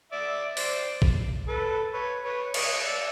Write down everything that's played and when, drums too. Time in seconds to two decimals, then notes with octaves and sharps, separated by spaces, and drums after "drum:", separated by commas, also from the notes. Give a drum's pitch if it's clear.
0.12 D5 E5
0.57 C5 D5, drum: open hi-hat
1.02 drum: kick
1.48 A4 B4
1.94 B4 C#5
2.24 B4 C#5
2.54 C#5 D#5, drum: cymbal
2.85 D5 E5